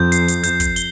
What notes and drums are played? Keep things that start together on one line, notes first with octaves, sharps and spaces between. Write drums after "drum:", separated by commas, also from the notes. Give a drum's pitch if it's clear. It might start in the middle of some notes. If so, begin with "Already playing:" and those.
Already playing: F2 G6
C7, drum: hi-hat
drum: hi-hat
G6, drum: hi-hat
drum: kick, hi-hat
G7, drum: hi-hat